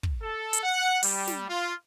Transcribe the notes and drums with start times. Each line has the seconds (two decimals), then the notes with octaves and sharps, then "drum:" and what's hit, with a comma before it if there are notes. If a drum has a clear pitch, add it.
0.03 drum: kick
0.22 A4
0.53 drum: hi-hat
0.64 F#5
1.03 G3, drum: open hi-hat
1.27 drum: snare
1.48 F4